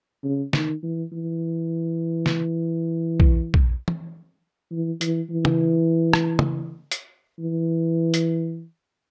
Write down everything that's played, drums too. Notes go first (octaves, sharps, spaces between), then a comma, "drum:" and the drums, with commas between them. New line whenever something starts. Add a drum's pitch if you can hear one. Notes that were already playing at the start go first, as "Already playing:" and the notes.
C#3
D#3, drum: snare
E3
E3
drum: snare
drum: kick
drum: kick
drum: tom
E3
E3, drum: hi-hat
E3
drum: tom C#3
drum: rim click
drum: tom C#3
drum: hi-hat
E3
drum: hi-hat